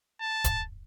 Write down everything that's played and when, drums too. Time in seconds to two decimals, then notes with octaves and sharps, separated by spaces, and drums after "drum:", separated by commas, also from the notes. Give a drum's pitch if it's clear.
0.21 A5
0.44 drum: kick, hi-hat